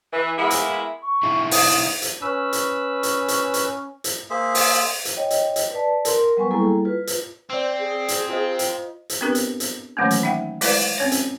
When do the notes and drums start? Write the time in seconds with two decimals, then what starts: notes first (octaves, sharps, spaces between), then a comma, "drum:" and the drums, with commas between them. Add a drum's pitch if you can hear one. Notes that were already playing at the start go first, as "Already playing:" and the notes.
0.13 E3
0.38 G#3 A#3 B3 E4
0.50 drum: hi-hat
1.02 C#6
1.23 D#4 E4 G#4
1.51 D#6, drum: open hi-hat
2.02 drum: hi-hat
2.22 C#4 B4 E6
2.53 drum: hi-hat
3.03 drum: hi-hat
3.28 drum: hi-hat
3.54 drum: hi-hat
4.04 drum: hi-hat
4.30 A#3 G#4 C5 E5
4.55 drum: open hi-hat
5.05 drum: hi-hat
5.17 C#5 D#5 G5
5.30 drum: hi-hat
5.56 drum: hi-hat
5.71 B4 D5 A5
6.05 A#4 C6, drum: hi-hat
6.37 F#3 G3 B3 B4 G#5 C#6
6.51 G3 A#3 E4 G#4 A4
6.85 F4 B4
7.07 drum: hi-hat
7.50 C4 C5 D5 E6
7.79 G#4
8.08 drum: hi-hat
8.29 F4 C5 D#5
8.59 drum: hi-hat
9.09 drum: hi-hat
9.21 B3 C4 D4 G4 A#4 B4
9.35 drum: hi-hat
9.60 drum: hi-hat
9.97 D#3 E3 F#3 A3 A#3 C#4
10.11 drum: hi-hat
10.23 D#4 E5 F#5 G5
10.61 G#3 E4 B4 C5 D5, drum: open hi-hat
10.98 C4 C#4 C#5
11.12 drum: hi-hat